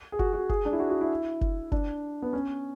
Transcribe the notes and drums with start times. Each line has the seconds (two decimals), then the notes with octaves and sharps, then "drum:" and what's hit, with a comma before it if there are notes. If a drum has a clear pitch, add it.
0.12 G#4
0.19 F#4, drum: kick F#1
0.33 F#4
0.49 G#4, drum: kick F#1
0.65 D4
0.73 E4
0.80 F#4
0.90 F#4
1.01 E4
1.41 drum: kick F#1
1.72 D4, drum: kick F#1
2.22 B3
2.33 C#4